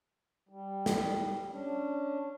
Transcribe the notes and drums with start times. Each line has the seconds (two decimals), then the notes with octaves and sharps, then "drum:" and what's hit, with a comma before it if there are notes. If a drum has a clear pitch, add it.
0.49 G3
0.86 drum: snare
1.49 C#4 D4